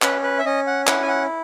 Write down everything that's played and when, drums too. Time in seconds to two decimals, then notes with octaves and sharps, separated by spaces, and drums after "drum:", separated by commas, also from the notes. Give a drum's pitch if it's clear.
0.02 C#4 B4, drum: clap
0.23 B4
0.39 E5
0.45 C#4 D#5
0.67 F#5
0.87 E4 F#5, drum: clap
1.02 G#5
1.08 F#5